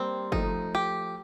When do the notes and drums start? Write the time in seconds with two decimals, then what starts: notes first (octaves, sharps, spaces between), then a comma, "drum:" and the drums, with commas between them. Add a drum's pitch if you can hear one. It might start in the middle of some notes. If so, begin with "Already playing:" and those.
Already playing: G3 A#3 C4
0.32 F3 A3 D#4, drum: kick
0.75 G4